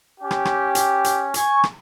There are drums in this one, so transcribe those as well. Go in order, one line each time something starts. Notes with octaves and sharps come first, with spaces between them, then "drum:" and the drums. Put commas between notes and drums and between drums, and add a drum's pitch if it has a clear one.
C#4 G4
drum: rim click
drum: rim click
drum: hi-hat
drum: hi-hat
G#5 C#6, drum: hi-hat
drum: rim click